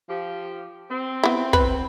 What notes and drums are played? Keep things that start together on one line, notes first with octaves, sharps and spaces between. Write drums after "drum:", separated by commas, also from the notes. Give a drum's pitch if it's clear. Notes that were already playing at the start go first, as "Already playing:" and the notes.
F3 G4
C4
B3 E4
B4, drum: kick